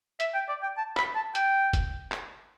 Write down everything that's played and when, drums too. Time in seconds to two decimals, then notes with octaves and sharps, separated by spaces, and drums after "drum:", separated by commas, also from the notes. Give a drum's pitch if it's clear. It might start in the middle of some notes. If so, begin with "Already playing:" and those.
0.20 E5, drum: hi-hat
0.34 G5
0.49 D5
0.62 G5
0.77 A5
0.97 B5, drum: clap
1.15 A5
1.35 G5, drum: hi-hat
1.73 drum: kick, hi-hat
2.12 drum: clap